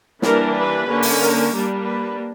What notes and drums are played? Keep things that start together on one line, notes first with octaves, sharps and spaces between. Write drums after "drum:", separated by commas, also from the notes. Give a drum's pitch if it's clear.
E3 G3 A#3 D4 A#4, drum: snare
B4
D3 A#3 C#4
drum: open hi-hat
A#4
G3 A#3 D4
B4